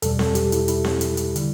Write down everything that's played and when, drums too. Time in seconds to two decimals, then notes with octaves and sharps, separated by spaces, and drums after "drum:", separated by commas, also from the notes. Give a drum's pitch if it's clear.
0.02 E2 B2 G3 A4, drum: hi-hat
0.19 A4, drum: snare C4
0.35 G4, drum: hi-hat
0.52 E4, drum: hi-hat
0.68 E4, drum: hi-hat
0.84 drum: snare C4
1.01 drum: hi-hat
1.17 drum: hi-hat
1.36 D3 G3, drum: hi-hat